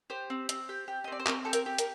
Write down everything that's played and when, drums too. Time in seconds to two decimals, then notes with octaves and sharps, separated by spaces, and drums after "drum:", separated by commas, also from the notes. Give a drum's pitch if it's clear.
0.10 G4 C5
0.30 C4
0.49 C4, drum: hi-hat
0.69 G4
0.88 G4
1.04 D#5
1.08 C4 D5
1.19 C5
1.27 C4 A#4, drum: clap
1.45 G4 A4
1.53 A#4, drum: hi-hat
1.66 G4
1.78 A#4, drum: hi-hat